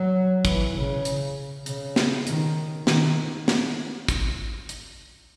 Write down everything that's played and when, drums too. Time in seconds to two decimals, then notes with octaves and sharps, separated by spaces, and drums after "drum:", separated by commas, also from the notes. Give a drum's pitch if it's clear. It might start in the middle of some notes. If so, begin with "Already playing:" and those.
Already playing: F#3
0.45 E3, drum: kick, hi-hat
0.75 C#3
1.05 drum: hi-hat
1.66 C#3, drum: hi-hat
1.96 drum: snare
2.27 D#3, drum: hi-hat
2.87 D#3, drum: snare
3.48 drum: snare
4.08 drum: kick, hi-hat
4.69 drum: hi-hat